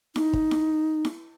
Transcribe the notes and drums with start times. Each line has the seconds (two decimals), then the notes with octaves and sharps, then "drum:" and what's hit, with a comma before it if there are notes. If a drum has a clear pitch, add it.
0.16 D#4, drum: snare E4
0.33 drum: kick
0.51 drum: snare E4
1.05 drum: snare E4